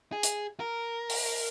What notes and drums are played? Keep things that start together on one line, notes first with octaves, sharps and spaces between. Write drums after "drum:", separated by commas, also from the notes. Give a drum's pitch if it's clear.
G#4
drum: hi-hat
A#4
drum: open hi-hat